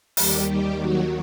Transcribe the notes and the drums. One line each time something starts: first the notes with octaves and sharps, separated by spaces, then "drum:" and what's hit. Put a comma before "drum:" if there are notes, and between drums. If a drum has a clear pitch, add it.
D#2 D#3 G3 G4, drum: open hi-hat
G3 G4
F#3 F#4